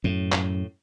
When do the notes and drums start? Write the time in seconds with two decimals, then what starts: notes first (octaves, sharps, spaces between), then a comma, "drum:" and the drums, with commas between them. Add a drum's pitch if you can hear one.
0.04 F#2 A2
0.32 drum: clap